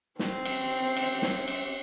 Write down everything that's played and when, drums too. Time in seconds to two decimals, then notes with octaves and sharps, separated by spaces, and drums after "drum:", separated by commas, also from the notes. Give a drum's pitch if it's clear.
0.19 C4, drum: snare
0.45 drum: cymbal
0.97 drum: cymbal
1.22 drum: snare
1.48 drum: cymbal